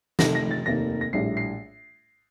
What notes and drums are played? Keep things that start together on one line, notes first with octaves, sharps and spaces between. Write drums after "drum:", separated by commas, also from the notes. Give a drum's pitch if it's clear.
F1 F2 D#3 A3 A#6, drum: snare
A#6
A6
F1 D#2 D#3 A#3 A#6
A#6
A#1 A2 G3 C7
C7